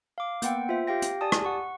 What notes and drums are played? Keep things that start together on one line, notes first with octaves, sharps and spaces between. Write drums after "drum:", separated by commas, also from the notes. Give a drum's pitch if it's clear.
F5 D6
A#3 B3 F#5 G5, drum: hi-hat
F4 C5 E5
G4 F5 G5 A#6
drum: hi-hat
G4 D5 G#5 A5 D#6
drum: rim click
F#5 C#6